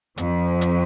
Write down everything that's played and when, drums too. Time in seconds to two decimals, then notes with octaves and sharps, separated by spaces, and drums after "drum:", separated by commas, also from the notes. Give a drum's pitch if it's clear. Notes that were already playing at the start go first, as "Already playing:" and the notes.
0.18 F2 F3, drum: hi-hat
0.61 drum: hi-hat